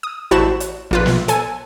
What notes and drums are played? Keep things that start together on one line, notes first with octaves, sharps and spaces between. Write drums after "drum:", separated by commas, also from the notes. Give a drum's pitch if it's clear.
D#6
A1 E4 F#4 C5 A5 E7
drum: hi-hat
A#1 F4 B4
drum: snare
A4 G#5, drum: hi-hat